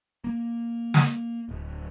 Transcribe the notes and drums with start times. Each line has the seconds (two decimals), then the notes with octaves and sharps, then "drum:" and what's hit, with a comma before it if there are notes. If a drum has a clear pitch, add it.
0.24 A#3
0.94 drum: snare
1.49 D1